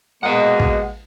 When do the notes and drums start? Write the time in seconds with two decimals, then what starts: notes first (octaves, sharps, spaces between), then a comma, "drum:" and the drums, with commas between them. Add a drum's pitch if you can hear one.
0.23 B2 G#3 A#3 D#5 F#5
0.60 drum: kick